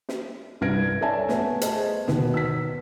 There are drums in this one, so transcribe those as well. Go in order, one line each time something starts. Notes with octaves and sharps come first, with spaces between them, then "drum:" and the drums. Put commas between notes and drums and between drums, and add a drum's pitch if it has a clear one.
drum: snare
C2 G2 B4 G#6 A#6 D7
A4 C#5 D5 E5 G#5 A5
A3 B3, drum: snare
G#4 C5 D#5 A5, drum: hi-hat
D#2 B2 B3, drum: snare
E6 B6